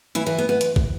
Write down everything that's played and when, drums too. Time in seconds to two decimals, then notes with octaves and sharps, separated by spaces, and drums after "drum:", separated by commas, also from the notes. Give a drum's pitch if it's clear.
0.15 E3 E4
0.26 E3 E4
0.38 B3
0.49 B3
0.61 drum: hi-hat
0.76 drum: kick